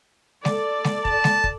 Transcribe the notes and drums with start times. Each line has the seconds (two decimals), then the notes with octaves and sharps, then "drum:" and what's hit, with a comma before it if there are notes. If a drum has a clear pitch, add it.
0.45 A4 D5, drum: snare G#3
0.84 drum: snare G#3
1.05 A5, drum: kick
1.24 drum: snare G#3
1.44 drum: kick